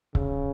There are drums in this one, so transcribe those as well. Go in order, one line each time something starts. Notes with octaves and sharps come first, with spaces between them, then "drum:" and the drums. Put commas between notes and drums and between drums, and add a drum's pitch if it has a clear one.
C#3, drum: kick C#1